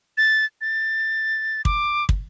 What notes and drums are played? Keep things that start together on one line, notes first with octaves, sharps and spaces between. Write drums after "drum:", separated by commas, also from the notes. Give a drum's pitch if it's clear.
A6
A6
D6, drum: kick
drum: kick